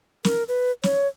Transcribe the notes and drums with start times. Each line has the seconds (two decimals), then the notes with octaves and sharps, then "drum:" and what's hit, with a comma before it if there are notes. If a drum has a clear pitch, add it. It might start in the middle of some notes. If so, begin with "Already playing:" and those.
0.25 A#4, drum: snare
0.48 B4
0.83 C#5, drum: snare